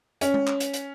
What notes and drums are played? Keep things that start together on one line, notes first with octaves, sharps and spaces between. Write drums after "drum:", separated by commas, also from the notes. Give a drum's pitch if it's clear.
C#4, drum: hi-hat
drum: tom G#3
drum: clap
drum: hi-hat
drum: hi-hat